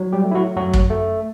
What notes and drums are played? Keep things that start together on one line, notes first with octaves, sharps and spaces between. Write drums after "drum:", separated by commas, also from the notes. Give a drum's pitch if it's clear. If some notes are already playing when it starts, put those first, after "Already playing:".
Already playing: F#3
G3 G4
A3
E4
F#3 F#4
F#2 F#3 F#4
drum: kick
A3